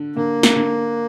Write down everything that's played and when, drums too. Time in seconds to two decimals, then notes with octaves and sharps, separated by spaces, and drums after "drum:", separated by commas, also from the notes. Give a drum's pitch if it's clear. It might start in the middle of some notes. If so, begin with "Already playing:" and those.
Already playing: D3
0.16 D3 A#3
0.43 drum: snare
0.55 D3